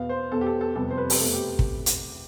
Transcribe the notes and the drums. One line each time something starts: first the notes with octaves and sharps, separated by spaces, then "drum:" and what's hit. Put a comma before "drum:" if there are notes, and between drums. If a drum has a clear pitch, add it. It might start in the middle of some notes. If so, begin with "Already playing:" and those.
Already playing: E2 B2 B3 F5
C5
E2 B2 B3 A4
G4
A4
A4
F2 C3 G3 B3 A4
C5
B4
G4, drum: open hi-hat
E2 B2 A3 A4
G4
drum: kick
drum: hi-hat